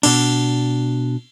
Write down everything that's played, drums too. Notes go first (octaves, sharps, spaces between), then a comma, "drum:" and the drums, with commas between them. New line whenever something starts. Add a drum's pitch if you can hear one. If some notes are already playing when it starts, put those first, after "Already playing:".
B2 D4, drum: cymbal